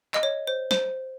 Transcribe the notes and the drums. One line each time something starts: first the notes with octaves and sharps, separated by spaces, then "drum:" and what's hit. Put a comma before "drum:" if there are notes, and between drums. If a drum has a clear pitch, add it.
D#5, drum: clap
C#5
C5
C5, drum: snare